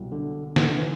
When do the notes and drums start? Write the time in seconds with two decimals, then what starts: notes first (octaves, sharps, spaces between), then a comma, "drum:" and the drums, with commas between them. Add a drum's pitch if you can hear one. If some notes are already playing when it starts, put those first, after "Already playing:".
Already playing: C2 B2 F#3
0.12 D3
0.56 E3, drum: snare
0.67 D3
0.78 E3